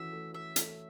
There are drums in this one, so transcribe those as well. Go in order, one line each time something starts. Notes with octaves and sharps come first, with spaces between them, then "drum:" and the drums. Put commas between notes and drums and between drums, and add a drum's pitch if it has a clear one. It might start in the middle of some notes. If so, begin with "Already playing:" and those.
Already playing: E3 A3 C#4 F#4 E5
A3
A3 E5
A3, drum: hi-hat